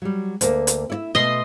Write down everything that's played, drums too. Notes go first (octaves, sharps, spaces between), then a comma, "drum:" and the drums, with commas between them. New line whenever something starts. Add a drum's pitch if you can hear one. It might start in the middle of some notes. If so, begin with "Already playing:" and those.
F#3 G3
D2 A#3, drum: hi-hat
drum: hi-hat
E4 C#5 E5
B2 A3 D#5 C6